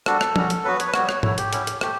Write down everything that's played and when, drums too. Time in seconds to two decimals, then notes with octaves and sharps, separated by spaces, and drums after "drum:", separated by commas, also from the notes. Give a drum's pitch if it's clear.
0.06 G3 D4 F#4 A4, drum: rim click
0.21 drum: rim click
0.36 G3 C#4 F#4, drum: tom F3
0.50 drum: hi-hat
0.65 F#3 B3 F#4 B4
0.80 C#5, drum: hi-hat
0.87 B4
0.94 G3 B3 F#4 C#5, drum: rim click
1.09 drum: rim click
1.23 F#3 A3 E4 C#5, drum: tom G#2
1.38 G4, drum: hi-hat
1.53 F#3 C#4 E4, drum: hi-hat
1.67 drum: hi-hat
1.81 A3 G4, drum: rim click